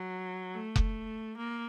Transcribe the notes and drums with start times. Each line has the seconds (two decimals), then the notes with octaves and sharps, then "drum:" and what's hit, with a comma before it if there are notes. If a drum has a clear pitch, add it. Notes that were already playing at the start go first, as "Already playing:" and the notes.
Already playing: F#3
0.55 A3
0.76 drum: kick F1
1.37 A#3